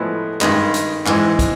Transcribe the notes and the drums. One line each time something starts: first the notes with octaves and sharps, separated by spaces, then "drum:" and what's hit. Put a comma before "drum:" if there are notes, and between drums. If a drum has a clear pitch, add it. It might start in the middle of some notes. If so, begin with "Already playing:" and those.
Already playing: A2 F3 G#3 B3
G2 D#3 G#3, drum: clap
drum: hi-hat
G#2 E3 G#3, drum: clap
drum: kick, hi-hat